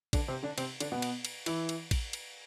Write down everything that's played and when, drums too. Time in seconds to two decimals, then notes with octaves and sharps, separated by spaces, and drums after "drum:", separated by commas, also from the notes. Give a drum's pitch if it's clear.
0.13 D3 D4, drum: kick A1, cymbal
0.28 C3 C4
0.43 D3 D4
0.58 C3 C4, drum: cymbal
0.80 D3 D4, drum: cymbal
0.92 B2 B3
1.02 drum: cymbal
1.25 drum: cymbal
1.46 E3 E4, drum: cymbal
1.69 drum: cymbal
1.91 drum: kick A1, cymbal
2.13 drum: cymbal